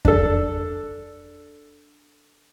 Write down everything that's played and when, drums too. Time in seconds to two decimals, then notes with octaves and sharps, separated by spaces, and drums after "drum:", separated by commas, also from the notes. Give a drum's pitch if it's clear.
0.05 D4 A4, drum: kick F2